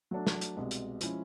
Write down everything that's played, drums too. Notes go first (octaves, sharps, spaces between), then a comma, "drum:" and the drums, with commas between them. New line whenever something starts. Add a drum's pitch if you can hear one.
F#3 A3 D4
drum: snare
drum: hi-hat
C2 B2 G#3
drum: hi-hat
F3 G#3 C#4 E4, drum: hi-hat